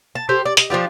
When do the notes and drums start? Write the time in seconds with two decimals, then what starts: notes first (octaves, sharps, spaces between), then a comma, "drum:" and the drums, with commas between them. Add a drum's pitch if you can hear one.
0.15 A5
0.29 G4 A4 C5
0.46 D5
0.57 D#5, drum: hi-hat
0.70 F3 D4 F4 G4